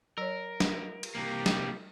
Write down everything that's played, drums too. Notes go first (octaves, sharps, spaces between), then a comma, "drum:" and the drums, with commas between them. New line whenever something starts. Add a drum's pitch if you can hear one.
F#3 A#4 C#5
drum: snare
drum: cymbal
C2 A#3 G4
drum: snare